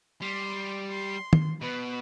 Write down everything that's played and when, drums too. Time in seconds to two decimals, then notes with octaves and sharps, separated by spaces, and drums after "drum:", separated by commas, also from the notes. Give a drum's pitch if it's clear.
0.21 G3 C6
0.90 C6
1.33 drum: tom
1.62 B2 B4